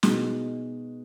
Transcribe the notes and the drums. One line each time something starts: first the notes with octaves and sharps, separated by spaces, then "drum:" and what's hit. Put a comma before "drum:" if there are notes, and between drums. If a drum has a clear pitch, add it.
B2 G#3 D#4 F#4, drum: snare